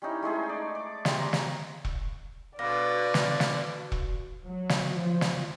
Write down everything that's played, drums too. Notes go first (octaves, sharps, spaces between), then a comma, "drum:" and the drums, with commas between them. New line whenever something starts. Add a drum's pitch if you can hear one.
G3 C#4 D#4 E4
G#3 A3 D#4 G#4
D5
D6
G3 G#3, drum: snare
A#5
drum: snare
drum: kick E1
B2 D3 B4 D5 F5 D6 F6 A#6
drum: snare
drum: snare
drum: kick E1
F#3
drum: snare
F3
drum: snare